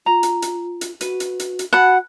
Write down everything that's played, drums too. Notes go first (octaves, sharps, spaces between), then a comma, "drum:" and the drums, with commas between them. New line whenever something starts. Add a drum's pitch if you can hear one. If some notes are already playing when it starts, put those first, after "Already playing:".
F4 A#5
drum: hi-hat
drum: hi-hat
drum: hi-hat
F#4 B4, drum: hi-hat
drum: hi-hat
drum: hi-hat
drum: hi-hat
F#4 F#5 A5 B5